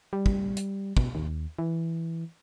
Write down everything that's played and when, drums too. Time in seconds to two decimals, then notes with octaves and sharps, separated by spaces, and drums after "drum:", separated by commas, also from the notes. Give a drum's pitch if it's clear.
0.13 G3
0.26 drum: kick
0.57 drum: hi-hat
0.97 B2, drum: kick
1.15 D#2
1.59 E3